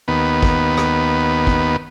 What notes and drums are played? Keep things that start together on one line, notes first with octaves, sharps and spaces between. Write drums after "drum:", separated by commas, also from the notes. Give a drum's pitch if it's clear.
D#2 B3
drum: kick
drum: rim click
drum: kick